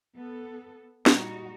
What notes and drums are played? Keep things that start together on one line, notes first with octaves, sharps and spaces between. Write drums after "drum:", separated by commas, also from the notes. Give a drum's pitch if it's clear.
B3 A4
A#2 G3 D#4 F#4, drum: snare